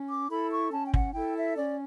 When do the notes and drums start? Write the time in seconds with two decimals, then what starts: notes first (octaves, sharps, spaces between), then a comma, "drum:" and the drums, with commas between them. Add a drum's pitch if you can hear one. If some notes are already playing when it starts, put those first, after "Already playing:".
Already playing: C#4
0.08 D6
0.29 E4 A4 B5
0.51 C#6
0.72 C#4 A5
0.87 G5
0.94 F#5, drum: kick
1.14 E4 A4 G5
1.36 E5
1.57 C#4 D5